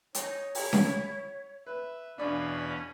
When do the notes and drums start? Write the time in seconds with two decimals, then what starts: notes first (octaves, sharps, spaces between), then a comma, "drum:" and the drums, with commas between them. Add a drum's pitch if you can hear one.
0.15 D#4 C#5, drum: hi-hat
0.55 E4, drum: open hi-hat
0.73 drum: snare C#4
1.67 B4 E5
2.18 E2 B2 C#4 D4 D5 F5 B5